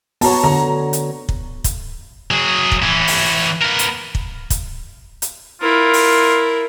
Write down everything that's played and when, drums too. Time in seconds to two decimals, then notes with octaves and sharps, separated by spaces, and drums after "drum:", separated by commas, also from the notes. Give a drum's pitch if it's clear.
0.21 B3 F#4 C#5 A5 A#5, drum: open hi-hat
0.44 D3 A#5
0.93 drum: hi-hat
1.29 drum: kick
1.64 drum: kick, hi-hat
2.31 F#3 G#4
2.72 drum: kick
2.82 E3 C#4
3.07 drum: open hi-hat
3.62 B3 A#4
3.79 drum: hi-hat
4.15 drum: kick
4.50 drum: kick, hi-hat
5.22 drum: hi-hat
5.62 E4 F4 A#4
5.93 drum: open hi-hat